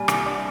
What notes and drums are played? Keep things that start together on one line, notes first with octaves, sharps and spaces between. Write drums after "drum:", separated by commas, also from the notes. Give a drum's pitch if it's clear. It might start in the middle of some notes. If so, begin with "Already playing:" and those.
Already playing: A#2 G3 D4 G#5
C2, drum: rim click
D4